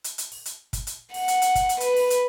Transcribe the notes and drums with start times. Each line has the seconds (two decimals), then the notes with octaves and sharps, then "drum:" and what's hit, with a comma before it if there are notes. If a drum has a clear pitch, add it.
0.04 drum: hi-hat
0.18 drum: hi-hat
0.32 drum: open hi-hat
0.45 drum: hi-hat
0.73 drum: kick, hi-hat
0.87 drum: hi-hat
1.14 F#5, drum: open hi-hat
1.28 drum: hi-hat
1.42 drum: hi-hat
1.55 drum: kick, hi-hat
1.69 drum: hi-hat
1.80 B4, drum: hi-hat
1.97 drum: open hi-hat
2.10 drum: hi-hat